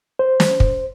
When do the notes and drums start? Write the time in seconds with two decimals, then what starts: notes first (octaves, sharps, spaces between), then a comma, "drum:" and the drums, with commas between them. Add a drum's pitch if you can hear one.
0.19 C5
0.40 drum: snare
0.60 drum: kick